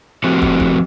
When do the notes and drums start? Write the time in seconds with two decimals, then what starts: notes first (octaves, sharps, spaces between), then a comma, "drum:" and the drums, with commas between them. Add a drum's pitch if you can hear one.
0.24 F3 A3 C4 F#4 G4
0.42 drum: kick
0.60 drum: kick